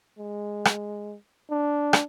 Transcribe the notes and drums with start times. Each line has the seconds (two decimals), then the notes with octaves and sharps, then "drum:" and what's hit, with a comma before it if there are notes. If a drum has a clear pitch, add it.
0.19 G#3
0.65 drum: rim click
1.51 D4
1.93 drum: rim click